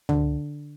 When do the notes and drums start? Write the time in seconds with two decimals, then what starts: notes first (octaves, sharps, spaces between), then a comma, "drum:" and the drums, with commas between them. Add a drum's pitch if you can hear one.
0.09 D3, drum: tom C#2